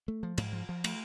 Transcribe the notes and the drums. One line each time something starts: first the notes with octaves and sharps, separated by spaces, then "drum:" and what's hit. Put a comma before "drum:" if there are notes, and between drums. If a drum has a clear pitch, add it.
A3
F3
G#2, drum: cymbal
F3
F3
A3, drum: cymbal